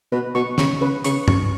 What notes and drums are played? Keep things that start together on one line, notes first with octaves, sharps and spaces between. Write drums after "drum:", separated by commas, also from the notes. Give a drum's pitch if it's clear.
B2 B4
B2 C#6
C#3 C#6, drum: snare
C#3 B4
C#3 C#6, drum: hi-hat
F#2 C#6, drum: tom G2